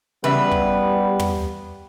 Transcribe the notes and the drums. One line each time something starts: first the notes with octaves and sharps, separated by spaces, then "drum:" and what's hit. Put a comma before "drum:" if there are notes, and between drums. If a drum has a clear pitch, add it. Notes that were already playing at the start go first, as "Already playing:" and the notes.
C#3 E3 G3 B3 B4 E5
drum: kick
drum: tom